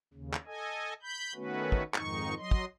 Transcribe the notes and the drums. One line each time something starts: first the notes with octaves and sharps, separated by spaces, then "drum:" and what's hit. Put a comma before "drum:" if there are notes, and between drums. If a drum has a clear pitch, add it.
D#2 C#3
drum: clap
A4 D#5 G#5
B5 G6
D#3 A3 B3 C#4 F#4 B4
drum: kick
F2 G#2 D#3 D#4 C#6, drum: clap
F#3 D#5 C6
drum: kick